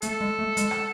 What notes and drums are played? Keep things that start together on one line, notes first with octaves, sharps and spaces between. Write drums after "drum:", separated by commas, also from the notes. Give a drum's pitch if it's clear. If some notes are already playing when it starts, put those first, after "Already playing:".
A3 A4, drum: hi-hat
G#3
A3
G#3, drum: hi-hat
drum: rim click